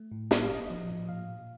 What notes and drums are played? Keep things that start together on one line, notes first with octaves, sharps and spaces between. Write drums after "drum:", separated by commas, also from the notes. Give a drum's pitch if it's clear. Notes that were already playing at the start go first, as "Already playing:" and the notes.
Already playing: A3
A2
G3 D#5, drum: snare
F5
A#2 D#5
F3
A2
A#2 F5
A#2